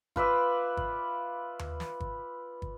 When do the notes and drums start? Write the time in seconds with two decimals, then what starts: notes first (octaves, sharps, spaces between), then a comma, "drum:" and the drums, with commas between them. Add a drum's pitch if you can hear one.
0.16 F4 B4 D5 E5, drum: kick
0.77 drum: kick
1.59 drum: tom D#2
1.80 drum: snare
2.00 drum: kick
2.62 drum: kick